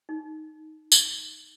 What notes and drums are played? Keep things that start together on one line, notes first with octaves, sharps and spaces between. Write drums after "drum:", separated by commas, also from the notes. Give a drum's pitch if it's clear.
D#4
drum: tambourine